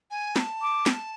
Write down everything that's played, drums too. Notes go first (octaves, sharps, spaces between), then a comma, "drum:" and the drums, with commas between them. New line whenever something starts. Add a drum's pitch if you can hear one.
G#5
B5, drum: snare
A5
D6
drum: snare